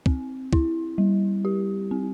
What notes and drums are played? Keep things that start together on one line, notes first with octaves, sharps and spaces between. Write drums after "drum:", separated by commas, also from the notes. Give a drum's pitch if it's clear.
C4, drum: kick
E4, drum: kick
G3
G4
C4